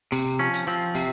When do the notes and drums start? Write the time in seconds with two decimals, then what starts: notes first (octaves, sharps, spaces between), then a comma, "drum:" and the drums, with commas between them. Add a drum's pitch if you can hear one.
0.12 C3, drum: open hi-hat
0.39 F3 C#4
0.54 drum: hi-hat
0.67 F3 C4
0.95 C3, drum: open hi-hat